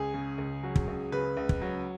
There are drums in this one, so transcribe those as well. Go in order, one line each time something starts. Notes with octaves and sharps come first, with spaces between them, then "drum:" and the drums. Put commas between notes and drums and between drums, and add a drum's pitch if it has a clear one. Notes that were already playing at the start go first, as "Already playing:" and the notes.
Already playing: C#2 G#4
C#3
C#2
F#3
drum: kick
C#2
C#3 B4
C#2
drum: kick
F#3